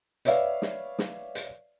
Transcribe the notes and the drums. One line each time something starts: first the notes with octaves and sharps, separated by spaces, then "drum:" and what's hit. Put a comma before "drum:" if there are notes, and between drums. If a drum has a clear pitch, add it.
B4 C#5 D5 E5 F5, drum: hi-hat
drum: snare
drum: snare
drum: hi-hat